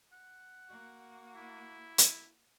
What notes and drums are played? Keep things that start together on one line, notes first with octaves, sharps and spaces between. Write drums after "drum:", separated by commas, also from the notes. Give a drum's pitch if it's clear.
F#5
A#3 F#4
E4
drum: hi-hat